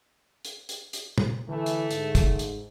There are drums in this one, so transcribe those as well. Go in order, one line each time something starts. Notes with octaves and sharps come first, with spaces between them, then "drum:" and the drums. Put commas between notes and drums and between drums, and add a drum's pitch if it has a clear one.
drum: hi-hat
drum: hi-hat
drum: hi-hat
drum: tom
D3 E3 A3
drum: hi-hat
G#2, drum: hi-hat
drum: kick, hi-hat
drum: hi-hat